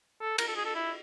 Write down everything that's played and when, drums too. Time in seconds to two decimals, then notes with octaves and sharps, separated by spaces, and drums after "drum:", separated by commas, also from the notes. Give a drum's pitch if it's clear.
0.21 A4
0.38 A#4, drum: cymbal
0.48 A4
0.56 G#4
0.66 A4
0.75 E4